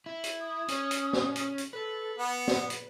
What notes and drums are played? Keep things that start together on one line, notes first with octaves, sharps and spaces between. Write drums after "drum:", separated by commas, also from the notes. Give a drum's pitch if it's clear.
E4
drum: hi-hat
D#6
C#4, drum: hi-hat
drum: hi-hat
drum: snare
drum: hi-hat
drum: hi-hat
A4 B4
B3 F#5
drum: snare
drum: hi-hat